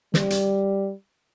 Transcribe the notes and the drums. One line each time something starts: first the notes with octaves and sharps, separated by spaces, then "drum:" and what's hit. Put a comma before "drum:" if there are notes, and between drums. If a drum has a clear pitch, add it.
G3, drum: snare
drum: hi-hat